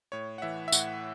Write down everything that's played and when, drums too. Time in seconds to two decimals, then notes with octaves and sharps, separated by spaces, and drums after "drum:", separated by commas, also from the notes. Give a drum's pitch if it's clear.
0.12 A2 C#5
0.38 F#5
0.42 E3 E5
0.68 E5
0.72 A2 F#5, drum: tambourine